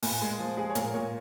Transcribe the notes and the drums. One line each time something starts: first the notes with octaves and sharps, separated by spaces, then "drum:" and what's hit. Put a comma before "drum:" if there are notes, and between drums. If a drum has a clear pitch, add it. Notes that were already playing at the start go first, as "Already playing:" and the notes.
A#2 G#5, drum: open hi-hat
G#3
F3
G#3 G#4
C#5
A#2 A#4, drum: hi-hat
A#2 C#5